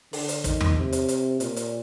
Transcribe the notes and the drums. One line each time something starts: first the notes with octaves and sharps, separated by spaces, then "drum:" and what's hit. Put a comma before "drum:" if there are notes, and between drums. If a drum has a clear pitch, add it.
D3, drum: open hi-hat
drum: hi-hat
D#3, drum: kick, hi-hat
drum: tom E2
C3
drum: hi-hat
drum: hi-hat
A#2, drum: hi-hat
drum: hi-hat